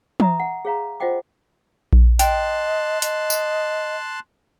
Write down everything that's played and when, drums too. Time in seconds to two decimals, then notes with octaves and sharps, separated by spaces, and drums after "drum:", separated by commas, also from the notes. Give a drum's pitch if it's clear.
0.20 E5 A#5 D#6, drum: tom
0.40 F#5
0.65 G#4 C#5 F5 A#5
1.00 F4 C5 D#5 F#5 G5 D6
1.93 drum: kick A#1
2.19 D#5 G5 A5 C6 F#6, drum: hi-hat
3.02 D#5, drum: hi-hat
3.30 drum: tambourine